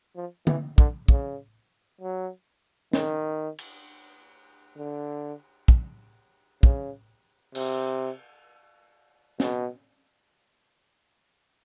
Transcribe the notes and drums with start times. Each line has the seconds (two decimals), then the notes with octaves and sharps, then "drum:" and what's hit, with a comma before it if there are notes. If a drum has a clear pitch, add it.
0.17 F3
0.47 E3, drum: tom D3
0.78 D3, drum: kick
1.08 C#3, drum: kick
2.01 F#3
2.93 D#3, drum: snare
3.58 drum: cymbal
4.78 D3
5.68 drum: kick
6.63 C#3, drum: kick
7.55 C3, drum: cymbal
9.40 B2, drum: snare